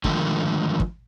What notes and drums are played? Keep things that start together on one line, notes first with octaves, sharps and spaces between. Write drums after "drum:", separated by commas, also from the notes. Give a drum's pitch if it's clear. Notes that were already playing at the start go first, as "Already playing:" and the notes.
D3 D#3 F3 G#3 A3, drum: kick
drum: kick